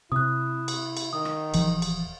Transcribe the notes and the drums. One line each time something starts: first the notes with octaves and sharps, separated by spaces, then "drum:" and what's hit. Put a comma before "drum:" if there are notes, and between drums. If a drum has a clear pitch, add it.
C3 E4 D#6 F#6
drum: cymbal
drum: cymbal
D#3 D#6
drum: rim click
D#1 E3 F3, drum: cymbal
drum: cymbal